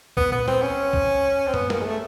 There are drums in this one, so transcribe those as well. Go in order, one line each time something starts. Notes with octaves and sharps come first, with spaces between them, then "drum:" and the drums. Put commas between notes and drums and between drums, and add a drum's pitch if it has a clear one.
B3, drum: kick
B3, drum: tom A#2
C4, drum: snare
C#4
drum: kick
C4
B3, drum: tom F#2
A#3, drum: snare
G#3
A3